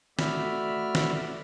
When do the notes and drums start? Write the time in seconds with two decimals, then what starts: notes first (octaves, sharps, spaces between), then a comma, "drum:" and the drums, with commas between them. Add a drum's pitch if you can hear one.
0.19 A3 F#4 D5 E5 B5 F6, drum: snare
0.95 drum: snare